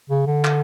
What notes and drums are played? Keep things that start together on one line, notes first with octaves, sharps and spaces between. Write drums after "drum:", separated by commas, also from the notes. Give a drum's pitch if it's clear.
C#3
D3
drum: clap